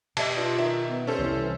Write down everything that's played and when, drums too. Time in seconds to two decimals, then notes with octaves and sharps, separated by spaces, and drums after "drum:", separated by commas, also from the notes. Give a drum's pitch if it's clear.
0.17 B2 G3 D#5 E5 A5, drum: cymbal
0.37 G2 F4
0.59 D#3 E5
0.88 B3
1.07 G2 C#4 A4 C5
1.19 C2 E3